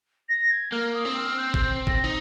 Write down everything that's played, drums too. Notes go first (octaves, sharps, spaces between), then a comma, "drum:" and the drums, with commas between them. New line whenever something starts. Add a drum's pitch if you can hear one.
A#6
G#6
A#3 F6
D#6
C4
F6
G6
G6, drum: kick
A#6, drum: kick
D#4